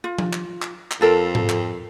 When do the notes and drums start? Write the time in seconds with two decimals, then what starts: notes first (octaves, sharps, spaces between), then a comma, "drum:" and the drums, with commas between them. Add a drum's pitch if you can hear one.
0.04 F4
0.19 drum: tom F3
0.33 drum: clap
0.62 drum: clap
0.91 drum: clap
1.01 F2 F4 A4 A#4
1.35 drum: tom G#2
1.49 drum: clap